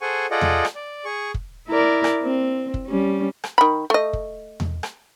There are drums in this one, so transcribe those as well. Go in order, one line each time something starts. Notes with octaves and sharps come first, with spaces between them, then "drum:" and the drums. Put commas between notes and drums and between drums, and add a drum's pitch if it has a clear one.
G#4 A4 C5 F#5 G#5 C#6
F4 G#4 A4 D5 D#5 F#5
drum: tom E2
drum: rim click
D5
G#4 C#6
drum: kick
E4 A#4 D5
drum: rim click
C4
drum: kick
G3 C#4
drum: rim click
D#3 B5
A3 D#5
drum: kick
drum: tom E2
drum: rim click